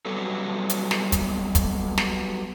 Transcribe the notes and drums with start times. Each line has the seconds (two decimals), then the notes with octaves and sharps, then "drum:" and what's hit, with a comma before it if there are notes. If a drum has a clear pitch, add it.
0.05 F#3 G3 B3 A4
0.69 drum: hi-hat
0.91 drum: snare
1.12 drum: kick, hi-hat
1.55 drum: kick, hi-hat
1.98 drum: snare